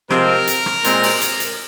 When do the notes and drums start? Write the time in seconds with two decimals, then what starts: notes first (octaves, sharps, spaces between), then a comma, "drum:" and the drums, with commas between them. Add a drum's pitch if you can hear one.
0.10 C3 F3 G#3 C4 A#4, drum: rim click
0.48 drum: hi-hat
0.66 drum: rim click
0.84 A#2 G#3 C4, drum: hi-hat
1.03 drum: open hi-hat
1.22 drum: hi-hat
1.40 drum: hi-hat